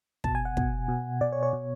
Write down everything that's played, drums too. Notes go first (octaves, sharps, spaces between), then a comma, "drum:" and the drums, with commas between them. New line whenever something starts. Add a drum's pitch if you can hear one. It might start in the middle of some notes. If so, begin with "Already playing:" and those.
B2 A5, drum: kick
G#5
F#5
B2, drum: kick
B2
B2 D5
C#5
C#5
B2